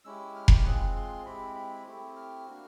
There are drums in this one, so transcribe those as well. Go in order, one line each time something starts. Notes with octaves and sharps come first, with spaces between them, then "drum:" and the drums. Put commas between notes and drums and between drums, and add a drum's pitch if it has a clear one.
G#3 C#4 E4 G4 E6
F6
drum: kick F1
G#3 C4 F4 G#4 F#6
F#6
C6
G#3 C4 E4 G4 B5
B5
A3 C4 E4 G4
F6
A#3 D4 F#4